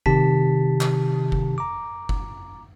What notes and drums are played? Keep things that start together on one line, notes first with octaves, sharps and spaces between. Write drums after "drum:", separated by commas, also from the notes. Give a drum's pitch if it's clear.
C3 D#3 G4 A5 B6, drum: kick F#1
drum: clap
drum: kick F#1
A#5 D6
drum: kick F#1